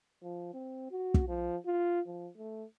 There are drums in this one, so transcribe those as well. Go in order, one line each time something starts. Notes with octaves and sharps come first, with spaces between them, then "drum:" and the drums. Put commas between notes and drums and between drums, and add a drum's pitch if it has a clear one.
F3
C4
F#4
drum: kick
F3
F4
F3
A3